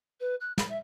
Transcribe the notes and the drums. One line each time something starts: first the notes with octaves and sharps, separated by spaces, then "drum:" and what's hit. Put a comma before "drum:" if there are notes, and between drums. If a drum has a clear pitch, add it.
B4
F#6
B5, drum: snare
E5